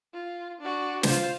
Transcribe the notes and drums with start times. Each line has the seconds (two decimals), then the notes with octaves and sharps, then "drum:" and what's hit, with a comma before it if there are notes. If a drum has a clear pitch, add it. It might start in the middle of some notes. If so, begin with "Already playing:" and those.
0.14 F4
0.60 D4 F#4
1.03 F4 C5, drum: snare